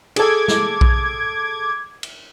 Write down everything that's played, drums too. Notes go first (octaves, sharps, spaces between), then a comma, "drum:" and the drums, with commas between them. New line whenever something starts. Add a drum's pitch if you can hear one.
G#4 A4 D6 G#6, drum: cymbal
drum: snare
drum: kick A#1
drum: cymbal